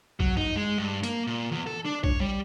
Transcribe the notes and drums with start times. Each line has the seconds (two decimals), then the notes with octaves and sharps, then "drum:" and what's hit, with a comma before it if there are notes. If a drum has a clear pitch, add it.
0.20 F#3, drum: kick A#1
0.37 D#4, drum: tom F#2
0.56 G#3
0.78 G2
1.03 A#3, drum: hi-hat
1.27 A#2
1.51 E2
1.67 A4
1.85 D4
2.04 C#5, drum: kick A#1
2.20 G3